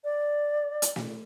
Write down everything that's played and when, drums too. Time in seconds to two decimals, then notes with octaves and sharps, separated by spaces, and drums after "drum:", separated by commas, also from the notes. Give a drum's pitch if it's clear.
0.04 D5
0.82 drum: hi-hat
0.96 drum: snare